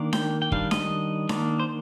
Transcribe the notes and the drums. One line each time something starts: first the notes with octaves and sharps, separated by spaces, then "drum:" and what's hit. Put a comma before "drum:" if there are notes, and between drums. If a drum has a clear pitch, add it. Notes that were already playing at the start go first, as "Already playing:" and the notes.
Already playing: D#3 A#3 D4
G5, drum: snare D4
G5
D#3 G3 D4 F5, drum: kick
D#5, drum: snare D4
D#3 A#3 D4, drum: snare D4
C5